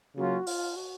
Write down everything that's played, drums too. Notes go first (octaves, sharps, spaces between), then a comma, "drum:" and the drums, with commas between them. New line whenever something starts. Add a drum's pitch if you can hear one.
C#3 F#3 A#3 C#4 F4 F#4
F4, drum: open hi-hat
F#4